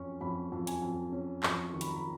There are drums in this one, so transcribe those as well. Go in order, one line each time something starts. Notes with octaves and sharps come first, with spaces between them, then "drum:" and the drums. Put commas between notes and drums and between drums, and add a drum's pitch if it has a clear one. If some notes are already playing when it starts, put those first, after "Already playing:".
Already playing: F2 C#4 C#6
F2 B5
F2
G#5, drum: hi-hat
F2
C#4
F2 C#6, drum: clap
D#3 C#6
B5, drum: hi-hat
A#5
B5